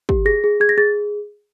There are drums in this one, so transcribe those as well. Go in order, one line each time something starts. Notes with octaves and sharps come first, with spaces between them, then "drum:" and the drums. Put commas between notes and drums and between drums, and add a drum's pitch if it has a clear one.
G4, drum: kick
G#4 A#6
G#4
G#4 G#6
A#6
G#4 A6